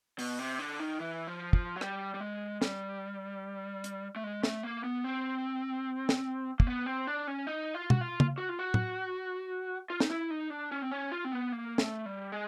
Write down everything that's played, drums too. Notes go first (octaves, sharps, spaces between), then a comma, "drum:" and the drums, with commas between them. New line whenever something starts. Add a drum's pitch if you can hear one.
B2, drum: open hi-hat
C3
D3
D#3
E3
F3
F3, drum: kick
F#3
G3, drum: rim click
G3
G#3
G3, drum: snare
drum: hi-hat
A3
G#3
A3, drum: snare
A#3
B3
C4
drum: snare
A#3, drum: kick
B3
C4
D4
C#4
D#4
F4
F#4, drum: tom B2
F4
drum: tom C#3
F#4
F4
F#4
drum: tom A2
F4
D#4, drum: snare
E4
D#4
D4
C#4
C4
C#4
F4
C4
B3
A#3
A3, drum: snare
G3
G#3